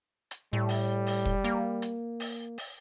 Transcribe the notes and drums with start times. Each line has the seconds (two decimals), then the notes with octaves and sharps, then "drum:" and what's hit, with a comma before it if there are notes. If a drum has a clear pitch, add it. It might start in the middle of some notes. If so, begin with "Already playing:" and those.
0.31 drum: hi-hat
0.53 A2 G3
0.69 drum: open hi-hat
1.07 drum: open hi-hat
1.25 drum: kick
1.44 A#3, drum: hi-hat
1.82 drum: hi-hat
2.20 drum: open hi-hat
2.58 drum: open hi-hat